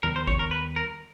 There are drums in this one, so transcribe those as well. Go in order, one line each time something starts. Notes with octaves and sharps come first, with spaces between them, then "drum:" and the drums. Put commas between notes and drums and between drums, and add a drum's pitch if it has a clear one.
D#2 D#3 G3 B3 A#4
C5
C#5, drum: kick A1
A#4
B4
A#4